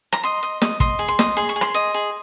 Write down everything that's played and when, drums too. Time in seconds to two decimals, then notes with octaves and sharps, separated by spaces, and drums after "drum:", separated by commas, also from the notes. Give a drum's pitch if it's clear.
0.12 A#5, drum: rim click
0.24 D#5 C6
0.43 D#5
0.62 D#5, drum: snare
0.80 D#5 C6, drum: kick
0.99 G#4
1.08 C6
1.19 D#5, drum: snare
1.37 G#4 C6
1.49 C#6
1.56 G#4
1.61 C6, drum: rim click
1.74 D#5
1.94 G#4